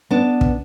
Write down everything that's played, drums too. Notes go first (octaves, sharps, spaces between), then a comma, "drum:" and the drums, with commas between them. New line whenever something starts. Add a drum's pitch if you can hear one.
B3 D4
drum: kick